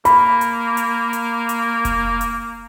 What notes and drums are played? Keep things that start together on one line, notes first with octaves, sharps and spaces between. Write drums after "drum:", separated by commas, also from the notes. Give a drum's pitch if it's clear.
A#3 B5, drum: hi-hat
drum: hi-hat
drum: hi-hat
drum: hi-hat
drum: hi-hat
drum: kick F1, hi-hat
drum: hi-hat